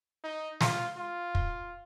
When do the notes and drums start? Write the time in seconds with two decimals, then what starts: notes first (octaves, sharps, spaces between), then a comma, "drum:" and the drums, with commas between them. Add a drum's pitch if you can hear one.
0.24 D#4
0.61 F4, drum: snare
0.97 F4
1.35 drum: kick